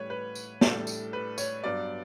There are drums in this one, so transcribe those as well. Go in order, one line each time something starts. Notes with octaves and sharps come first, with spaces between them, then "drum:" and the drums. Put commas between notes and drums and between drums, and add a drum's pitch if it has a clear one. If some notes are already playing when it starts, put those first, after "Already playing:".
Already playing: A1 A2 G3 B4 C#5
B4
drum: tambourine
A2 G3 D4 A4, drum: snare
drum: tambourine
B4
C#5, drum: tambourine
G2 F#3 B3 D5